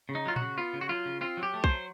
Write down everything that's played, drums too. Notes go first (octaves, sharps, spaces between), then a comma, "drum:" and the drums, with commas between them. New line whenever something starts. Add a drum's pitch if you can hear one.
C#3
D#4
F#3 F4
F#4, drum: tom A#2
C#3
B3 F4
C#3
F#4
F#3 F4
C#3
C4 F4
F#3
G4
A3
C5, drum: kick
F#3